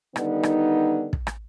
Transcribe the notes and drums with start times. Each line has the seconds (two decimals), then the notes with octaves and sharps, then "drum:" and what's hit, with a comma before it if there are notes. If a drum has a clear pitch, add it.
0.16 D3 D#3 G3 B3 D#4, drum: rim click
0.43 drum: rim click
1.13 drum: kick
1.27 drum: rim click